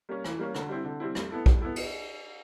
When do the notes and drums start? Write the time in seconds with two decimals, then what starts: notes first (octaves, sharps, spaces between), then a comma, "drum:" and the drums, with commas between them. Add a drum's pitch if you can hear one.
0.09 G3 A#3 C#4
0.24 E3, drum: rim click
0.39 G3 A#3 C#4
0.54 D3, drum: rim click
0.69 G3 C4 E4
0.85 D3
1.00 G3 C4 E4
1.15 G3, drum: rim click
1.31 B3 E4 A4
1.46 G3, drum: kick
1.61 B3 E4 A4
1.76 drum: cymbal